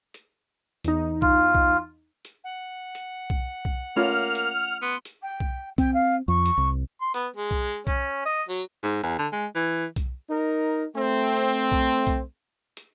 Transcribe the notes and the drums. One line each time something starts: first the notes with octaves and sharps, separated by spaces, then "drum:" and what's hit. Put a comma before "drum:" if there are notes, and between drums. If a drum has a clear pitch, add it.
drum: hi-hat
E2 D#4, drum: hi-hat
F4, drum: kick B1
drum: kick B1
drum: hi-hat
F#5
drum: hi-hat
drum: kick B1
drum: kick B1
A3 A#3 C#4 F4 F6
drum: hi-hat
B3 C6
drum: hi-hat
G5
drum: kick B1
C4 G5, drum: kick B1, hi-hat
F5
F2 C#6
drum: hi-hat
C2
C6
B3, drum: hi-hat
G#3
drum: kick B1
C#4, drum: kick B1, hi-hat
D#5
F#3
G#2
E2
D3
G#3
E3
drum: kick B1, hi-hat
D#4 A#4
A3 C4
drum: hi-hat
drum: kick B1
drum: kick B1, hi-hat
drum: hi-hat